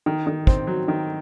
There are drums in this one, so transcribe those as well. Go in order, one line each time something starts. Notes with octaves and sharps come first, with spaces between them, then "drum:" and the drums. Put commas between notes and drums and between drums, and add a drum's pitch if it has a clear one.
D#3
D#3
C4, drum: kick
F#3
D#3